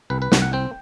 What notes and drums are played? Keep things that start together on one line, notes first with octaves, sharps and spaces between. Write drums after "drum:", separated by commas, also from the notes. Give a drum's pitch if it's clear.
C2 B4
B4
C2 F#5, drum: snare
F#5
C4 G5